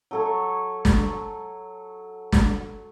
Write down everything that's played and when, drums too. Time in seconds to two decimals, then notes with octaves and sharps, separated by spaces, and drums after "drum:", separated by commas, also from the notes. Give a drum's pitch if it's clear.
0.11 F#3 A4 C#5
0.85 drum: snare
2.32 drum: snare